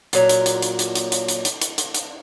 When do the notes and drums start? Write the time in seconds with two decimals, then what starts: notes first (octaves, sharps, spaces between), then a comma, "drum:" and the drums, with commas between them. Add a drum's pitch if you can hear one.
0.13 A#2 F#3, drum: hi-hat
0.29 drum: hi-hat
0.46 drum: hi-hat
0.62 drum: hi-hat
0.79 drum: hi-hat
0.95 drum: hi-hat
1.12 drum: hi-hat
1.28 drum: hi-hat
1.45 drum: hi-hat
1.61 drum: hi-hat
1.78 drum: hi-hat
1.95 drum: hi-hat